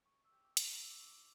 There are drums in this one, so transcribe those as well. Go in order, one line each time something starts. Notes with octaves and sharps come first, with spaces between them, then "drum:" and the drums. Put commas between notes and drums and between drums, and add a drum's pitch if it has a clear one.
C#6
E6
G4
D6
F#4, drum: hi-hat
A#5
E4 E6
D6
C#6
D6